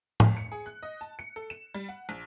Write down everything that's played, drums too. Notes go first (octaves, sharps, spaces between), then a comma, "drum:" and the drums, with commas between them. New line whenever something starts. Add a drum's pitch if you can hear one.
G1, drum: tom A2
C#7
G#4
F#6
D#5
A5
C#7
A4
E7
G3
F#5
A#1